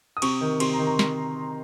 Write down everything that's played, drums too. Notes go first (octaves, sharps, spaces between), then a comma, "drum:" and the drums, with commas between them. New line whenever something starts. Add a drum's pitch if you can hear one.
D#6
C3 C#6, drum: cymbal
D#3
C3 C6, drum: cymbal
A#5
D#3
A#5
drum: snare